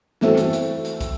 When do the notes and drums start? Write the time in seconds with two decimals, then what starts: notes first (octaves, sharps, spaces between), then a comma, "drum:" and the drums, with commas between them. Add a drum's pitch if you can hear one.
0.21 E3 A3 C4 F#4 A4, drum: snare
0.37 drum: hi-hat
0.53 drum: hi-hat
0.85 drum: hi-hat
1.01 drum: kick, hi-hat